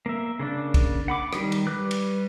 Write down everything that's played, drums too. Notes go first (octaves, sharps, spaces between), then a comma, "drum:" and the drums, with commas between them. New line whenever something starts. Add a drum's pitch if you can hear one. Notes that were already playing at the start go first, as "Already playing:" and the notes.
A#3 E5
C#3 A#3 D4
drum: kick, cymbal
F#5 B5 D6
D#3 G3, drum: rim click
drum: cymbal
G3 B4 D6 F#6
drum: cymbal